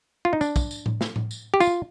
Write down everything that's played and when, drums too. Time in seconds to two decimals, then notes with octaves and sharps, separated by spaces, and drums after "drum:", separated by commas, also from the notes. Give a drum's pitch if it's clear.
0.25 F4
0.33 D#4
0.41 D4, drum: tambourine
0.56 drum: kick, tambourine
0.71 drum: tambourine
0.86 drum: tom A2
1.01 drum: snare
1.16 drum: tom A2
1.31 drum: tambourine
1.54 G4
1.60 F4, drum: tambourine